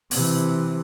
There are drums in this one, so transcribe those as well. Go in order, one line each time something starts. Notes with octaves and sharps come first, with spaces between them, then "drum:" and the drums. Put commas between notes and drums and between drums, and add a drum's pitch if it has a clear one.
C3 E3, drum: open hi-hat